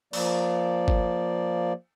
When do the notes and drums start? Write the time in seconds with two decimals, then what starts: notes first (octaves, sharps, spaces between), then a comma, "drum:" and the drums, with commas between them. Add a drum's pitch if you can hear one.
0.13 F3 A#3 D5, drum: cymbal
0.88 drum: kick